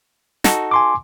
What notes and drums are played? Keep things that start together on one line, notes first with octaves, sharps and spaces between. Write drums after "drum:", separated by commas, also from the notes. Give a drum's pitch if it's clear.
D#4 F#4 A4, drum: snare
G#5 C6 D6